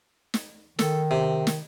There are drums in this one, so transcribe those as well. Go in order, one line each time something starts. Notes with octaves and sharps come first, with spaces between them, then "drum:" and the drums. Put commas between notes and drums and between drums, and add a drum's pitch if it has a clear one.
drum: snare
D#3 A4, drum: snare
C3
drum: snare